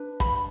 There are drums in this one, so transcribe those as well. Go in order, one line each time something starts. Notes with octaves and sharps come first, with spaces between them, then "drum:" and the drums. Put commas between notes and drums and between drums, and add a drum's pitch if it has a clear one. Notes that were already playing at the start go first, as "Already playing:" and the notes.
Already playing: D4 B4
B5, drum: kick, hi-hat